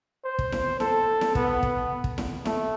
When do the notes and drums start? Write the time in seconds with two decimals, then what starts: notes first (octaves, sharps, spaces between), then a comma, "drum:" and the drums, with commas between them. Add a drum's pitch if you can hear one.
0.25 C5
0.39 drum: kick
0.52 drum: snare E4
0.80 A4, drum: snare E4
1.21 drum: snare E4
1.35 B3, drum: kick
1.63 drum: kick
2.04 drum: kick
2.18 drum: snare E4
2.45 A3, drum: snare E4